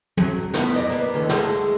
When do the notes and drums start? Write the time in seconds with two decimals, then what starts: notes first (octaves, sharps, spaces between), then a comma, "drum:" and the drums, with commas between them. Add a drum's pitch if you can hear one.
0.17 F#3, drum: tom
0.54 B3, drum: snare
0.75 F#2 D5 D#5
0.90 A#3 B3, drum: hi-hat
1.14 D#2 D3 D#3
1.29 G#3 A3, drum: snare